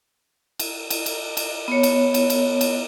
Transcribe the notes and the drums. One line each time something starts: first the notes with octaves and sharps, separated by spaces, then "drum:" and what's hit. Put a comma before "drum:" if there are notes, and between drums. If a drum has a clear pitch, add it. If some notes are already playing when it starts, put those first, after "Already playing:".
drum: cymbal
drum: cymbal
drum: cymbal
drum: cymbal
B3 C#5
drum: cymbal
drum: cymbal
drum: cymbal
drum: cymbal